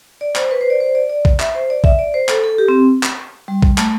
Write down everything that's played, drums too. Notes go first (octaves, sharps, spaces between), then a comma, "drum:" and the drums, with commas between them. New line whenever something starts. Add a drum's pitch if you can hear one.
D5
C5, drum: clap
B4
C5
D5
C5
D5
D5
drum: kick
E5, drum: clap
C5
D5
E5, drum: kick
D5
C5
A4, drum: clap
A4
G4
C4
drum: clap
G3
drum: kick
A3, drum: clap